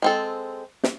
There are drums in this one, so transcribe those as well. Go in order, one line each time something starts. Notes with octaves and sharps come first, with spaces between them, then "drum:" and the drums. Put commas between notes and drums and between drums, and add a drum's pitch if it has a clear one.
G#3 C4 A4
drum: snare